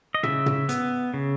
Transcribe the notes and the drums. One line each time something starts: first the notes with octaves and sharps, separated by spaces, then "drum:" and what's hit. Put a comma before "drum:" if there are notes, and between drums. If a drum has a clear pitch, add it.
D#5
C#3 E5, drum: tom
drum: tom
B3, drum: hi-hat
C#3